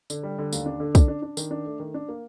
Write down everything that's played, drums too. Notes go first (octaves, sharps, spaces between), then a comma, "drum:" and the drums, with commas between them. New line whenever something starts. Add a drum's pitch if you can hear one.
D3, drum: tambourine
G3
D3
D#2, drum: tambourine
D4
D3
D4, drum: kick, tambourine
D4
D4
D#3, drum: tambourine
D4
A3
D#3
D4
A#3